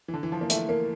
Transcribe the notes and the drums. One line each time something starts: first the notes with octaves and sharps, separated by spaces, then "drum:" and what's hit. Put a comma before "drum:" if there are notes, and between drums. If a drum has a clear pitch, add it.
E3
D3 A5
E3
F3 A5
A#3
A3 E5, drum: hi-hat
A#3 A#4